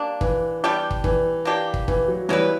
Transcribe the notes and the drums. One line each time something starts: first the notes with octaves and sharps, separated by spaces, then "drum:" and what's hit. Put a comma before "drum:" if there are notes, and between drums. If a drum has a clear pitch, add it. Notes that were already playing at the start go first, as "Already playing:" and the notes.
Already playing: G3 A#3 D4
E3, drum: kick
G3 B3 D4 G4
drum: kick
E3, drum: kick
A#3 D4 G4
drum: kick
E3, drum: kick
F#3
E3 F#3 G3 B3 E4 B4